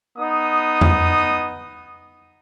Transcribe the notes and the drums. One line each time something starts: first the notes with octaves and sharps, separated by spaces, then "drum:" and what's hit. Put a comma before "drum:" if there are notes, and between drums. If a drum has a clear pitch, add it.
B3 D#4 D#6
drum: tom E2